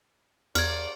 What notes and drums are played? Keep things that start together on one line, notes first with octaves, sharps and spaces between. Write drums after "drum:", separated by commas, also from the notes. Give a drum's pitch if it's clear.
E2 A#3 D4 D5 F6 G#6, drum: cymbal